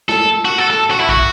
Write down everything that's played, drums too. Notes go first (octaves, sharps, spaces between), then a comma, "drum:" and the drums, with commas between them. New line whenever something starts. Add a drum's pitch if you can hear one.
A4, drum: snare
F#4
A4
A4
F#4
E4
F#4, drum: kick A#1